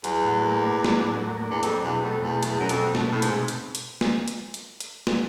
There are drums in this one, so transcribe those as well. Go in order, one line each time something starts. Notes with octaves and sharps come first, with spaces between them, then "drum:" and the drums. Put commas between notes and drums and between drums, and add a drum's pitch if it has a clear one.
E2 F#3, drum: hi-hat
A2
A#3
D4
F#3, drum: snare
A2
A#3
D4
E2
F2 F#3, drum: hi-hat
E2 B2
F2 A3
E2 B2
E2 F#3, drum: hi-hat
F#2 B2
F2, drum: hi-hat
A3
F#2, drum: snare
B2
A2
G#2 C3, drum: hi-hat
drum: hi-hat
drum: hi-hat
drum: snare
drum: hi-hat
drum: hi-hat
drum: hi-hat
drum: snare